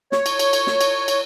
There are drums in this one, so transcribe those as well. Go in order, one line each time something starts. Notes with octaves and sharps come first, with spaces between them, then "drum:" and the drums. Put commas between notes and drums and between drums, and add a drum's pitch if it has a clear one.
C#5, drum: snare
drum: cymbal
drum: cymbal
drum: cymbal
drum: snare
drum: cymbal
drum: cymbal